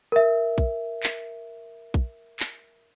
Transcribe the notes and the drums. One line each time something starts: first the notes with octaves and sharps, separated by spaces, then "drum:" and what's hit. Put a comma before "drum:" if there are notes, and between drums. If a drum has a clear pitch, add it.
A#4 E5
drum: kick A#1
drum: clap
drum: kick A#1
drum: clap